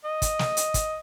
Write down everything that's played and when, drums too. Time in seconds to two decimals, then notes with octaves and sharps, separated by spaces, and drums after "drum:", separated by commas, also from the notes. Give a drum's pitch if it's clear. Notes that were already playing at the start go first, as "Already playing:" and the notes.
0.04 D#5
0.22 drum: kick, hi-hat
0.39 drum: snare
0.57 drum: hi-hat
0.74 drum: kick, hi-hat